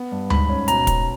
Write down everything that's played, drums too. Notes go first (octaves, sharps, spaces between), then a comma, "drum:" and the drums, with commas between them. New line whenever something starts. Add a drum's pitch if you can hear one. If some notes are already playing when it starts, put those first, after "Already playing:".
Already playing: B3
G2
G#2 B5, drum: tom D2
C#4
B2 A#5, drum: hi-hat
C#4, drum: kick, hi-hat